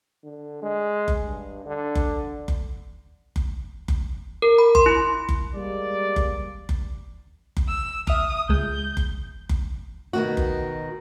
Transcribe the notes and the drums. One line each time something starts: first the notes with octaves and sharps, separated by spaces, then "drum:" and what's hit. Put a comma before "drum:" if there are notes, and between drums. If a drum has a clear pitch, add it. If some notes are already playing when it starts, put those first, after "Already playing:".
D3
G#3
drum: kick F#1
G2
D3
drum: kick F#1
drum: kick F#1
drum: kick F#1
drum: kick F#1
A#4
B5
C6, drum: kick F#1
E4
drum: kick F#1
G3 G#3 A#3 D5
drum: kick F#1
drum: kick F#1
drum: kick F#1
E6
E5 D#6 F6, drum: kick F#1
C#2 G#3 G6
drum: kick F#1
drum: kick F#1
B2 D#3 F#4
drum: kick F#1